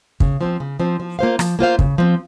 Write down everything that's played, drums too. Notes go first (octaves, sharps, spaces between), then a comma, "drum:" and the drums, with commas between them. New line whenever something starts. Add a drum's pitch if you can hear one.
C#3, drum: kick
F3 C4
C#3
F3 C4
F3
A#3 F4 C5 F5
F3, drum: rim click
A#3 F4 C5 F5
C#3, drum: kick
F3 C4